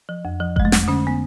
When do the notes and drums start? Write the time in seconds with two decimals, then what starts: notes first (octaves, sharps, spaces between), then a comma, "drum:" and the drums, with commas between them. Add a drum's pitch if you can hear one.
0.09 F3
0.25 F2
0.40 F3
0.56 F3 G#3, drum: kick F#1
0.65 A3
0.72 F2, drum: snare
0.88 D3 C#4
1.07 B3